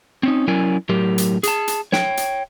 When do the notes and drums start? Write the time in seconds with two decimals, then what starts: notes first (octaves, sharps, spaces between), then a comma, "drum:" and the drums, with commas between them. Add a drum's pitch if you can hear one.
0.23 C4 C#4 D#4
0.48 F#3 C#4 E4 A#4 D5 G#5
0.89 A2 F#3 G4 A#4
1.18 drum: hi-hat
1.43 G#4 A5, drum: hi-hat
1.68 drum: hi-hat
1.92 C#5 G5, drum: snare
2.17 drum: hi-hat